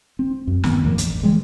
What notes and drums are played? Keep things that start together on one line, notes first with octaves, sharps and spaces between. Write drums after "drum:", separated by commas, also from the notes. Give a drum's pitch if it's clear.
C4
F#2
G2 D#3 B3, drum: snare
E2 A2 F3 A#3
A1, drum: hi-hat
E3 G3 G#3